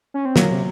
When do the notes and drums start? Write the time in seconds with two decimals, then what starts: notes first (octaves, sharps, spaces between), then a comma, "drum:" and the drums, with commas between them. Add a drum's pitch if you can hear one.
0.14 C#4
0.25 C4
0.36 F#3 A#3, drum: snare
0.51 C3